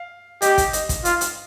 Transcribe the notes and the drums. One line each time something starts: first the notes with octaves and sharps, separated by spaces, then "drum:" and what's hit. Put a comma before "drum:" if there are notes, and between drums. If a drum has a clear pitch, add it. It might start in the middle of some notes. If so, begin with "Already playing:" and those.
Already playing: F5
G4 D#5, drum: hi-hat
drum: kick, hi-hat
D#5, drum: hi-hat
drum: kick, hi-hat
F4, drum: hi-hat
drum: hi-hat